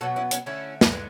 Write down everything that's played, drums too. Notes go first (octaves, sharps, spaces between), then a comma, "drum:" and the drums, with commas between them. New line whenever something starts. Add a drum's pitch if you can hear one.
B2 F#3 B3 F#4 A4
C#4 E4
C#4, drum: hi-hat
D3 A3 C#4 E4
drum: snare
D3 G#3 B3